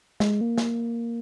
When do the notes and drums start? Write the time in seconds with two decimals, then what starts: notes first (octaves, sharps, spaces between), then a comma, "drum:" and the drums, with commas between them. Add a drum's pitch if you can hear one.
0.20 G#3, drum: snare
0.41 A#3
0.58 drum: snare